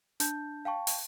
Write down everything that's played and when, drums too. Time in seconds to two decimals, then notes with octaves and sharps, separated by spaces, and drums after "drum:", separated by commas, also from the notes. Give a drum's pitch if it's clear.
0.20 D4 A5 G6, drum: hi-hat
0.65 F5 G5 A5 C#6
0.87 drum: open hi-hat